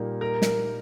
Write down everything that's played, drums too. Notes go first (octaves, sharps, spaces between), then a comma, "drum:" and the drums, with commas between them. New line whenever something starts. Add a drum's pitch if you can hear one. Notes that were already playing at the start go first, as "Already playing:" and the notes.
Already playing: A#2 G3 A#3 D#4 G4
A#4
drum: snare